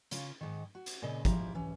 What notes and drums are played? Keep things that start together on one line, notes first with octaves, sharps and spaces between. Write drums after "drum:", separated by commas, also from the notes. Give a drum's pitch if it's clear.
C#3 C#4 F4, drum: hi-hat
G#2 D#3
F#4
drum: hi-hat
A#2 C#3 D#5
G#2 F3 E4 G4 A#5, drum: kick, hi-hat
E3 C#4